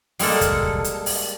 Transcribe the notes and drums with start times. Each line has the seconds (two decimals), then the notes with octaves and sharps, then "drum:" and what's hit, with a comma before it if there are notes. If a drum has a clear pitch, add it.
0.19 G3 G#3 A#3 A4, drum: open hi-hat
0.41 drum: kick, hi-hat
0.63 drum: kick
0.84 drum: hi-hat
1.06 drum: open hi-hat